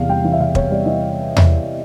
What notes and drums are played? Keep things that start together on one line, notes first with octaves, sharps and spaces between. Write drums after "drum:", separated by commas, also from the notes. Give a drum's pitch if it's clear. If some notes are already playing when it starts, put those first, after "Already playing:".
Already playing: E2 C3 F5
G3 G5
E3
E5
C3 F5
E2 C#5, drum: kick
G3 D5
E3 D#5
drum: tom E2